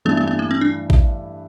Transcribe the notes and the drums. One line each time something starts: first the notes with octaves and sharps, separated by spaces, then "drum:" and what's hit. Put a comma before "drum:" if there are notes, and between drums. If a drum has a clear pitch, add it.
G2 E3 A3 B3
B3
B3
A#3
C4
D4
drum: kick A1